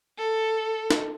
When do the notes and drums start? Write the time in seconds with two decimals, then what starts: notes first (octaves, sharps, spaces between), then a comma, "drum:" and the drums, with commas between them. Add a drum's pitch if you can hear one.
0.18 A4
0.90 drum: snare